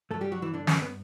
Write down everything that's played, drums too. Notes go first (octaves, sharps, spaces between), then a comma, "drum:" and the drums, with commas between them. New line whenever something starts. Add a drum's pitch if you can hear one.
G2 F#3 A3 A4
G3 G4
F#3 F#4
E3 E4
D3 D4
C#4, drum: snare
B3